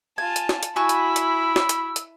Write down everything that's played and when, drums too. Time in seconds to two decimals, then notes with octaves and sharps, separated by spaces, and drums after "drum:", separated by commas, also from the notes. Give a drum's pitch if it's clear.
0.18 F4 G#5 A5
0.36 drum: hi-hat
0.49 drum: snare
0.63 drum: hi-hat
0.76 E4 F#4 G#5 B5 C#6 E6
0.89 drum: hi-hat
1.16 drum: hi-hat
1.56 drum: snare
1.69 drum: hi-hat
1.96 drum: hi-hat